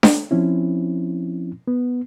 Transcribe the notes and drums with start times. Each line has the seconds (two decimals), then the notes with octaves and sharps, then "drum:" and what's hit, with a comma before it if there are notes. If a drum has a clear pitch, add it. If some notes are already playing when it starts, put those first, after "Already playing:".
0.03 drum: snare D4
0.31 F3 C4 C#4 E4
1.68 B3